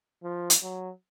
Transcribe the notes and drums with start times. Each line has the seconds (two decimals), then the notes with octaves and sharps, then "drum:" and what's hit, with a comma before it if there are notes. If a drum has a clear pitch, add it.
0.24 F3
0.50 drum: hi-hat
0.63 F#3